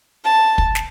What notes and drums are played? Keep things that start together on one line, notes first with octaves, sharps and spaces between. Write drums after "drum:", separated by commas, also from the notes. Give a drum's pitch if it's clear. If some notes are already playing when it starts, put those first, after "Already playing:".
A5
drum: kick
drum: snare